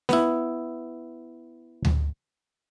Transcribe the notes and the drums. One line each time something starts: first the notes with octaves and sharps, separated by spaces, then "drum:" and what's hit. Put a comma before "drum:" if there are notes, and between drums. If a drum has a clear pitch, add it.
B3 E4, drum: snare
drum: tom D2